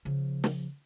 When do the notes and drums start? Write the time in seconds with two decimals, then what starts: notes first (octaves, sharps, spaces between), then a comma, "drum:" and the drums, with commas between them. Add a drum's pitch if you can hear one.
0.05 C#3 F3
0.44 drum: snare